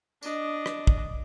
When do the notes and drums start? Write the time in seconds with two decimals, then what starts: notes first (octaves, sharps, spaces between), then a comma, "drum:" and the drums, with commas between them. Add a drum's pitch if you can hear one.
0.23 D4 D#5, drum: tambourine
0.66 drum: rim click
0.87 drum: kick